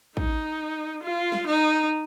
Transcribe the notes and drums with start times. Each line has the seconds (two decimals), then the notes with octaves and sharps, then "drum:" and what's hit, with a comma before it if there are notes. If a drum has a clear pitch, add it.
0.17 D#4, drum: kick
1.03 F4
1.32 drum: snare
1.47 D#4